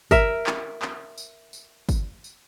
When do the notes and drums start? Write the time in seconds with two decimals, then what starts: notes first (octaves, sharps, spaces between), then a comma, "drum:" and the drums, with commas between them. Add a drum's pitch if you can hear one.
0.11 A#4 E5, drum: kick, tambourine
0.47 drum: clap
0.82 drum: clap
1.18 drum: tambourine
1.53 drum: tambourine
1.89 drum: kick, tambourine
2.24 drum: tambourine